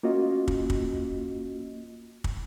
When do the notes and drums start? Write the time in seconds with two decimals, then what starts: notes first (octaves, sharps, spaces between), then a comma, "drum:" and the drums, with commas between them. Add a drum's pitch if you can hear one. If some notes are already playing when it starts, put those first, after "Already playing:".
0.03 A#3 C#4 F4 F#4 D#5
0.48 drum: kick
0.70 drum: kick
2.24 drum: kick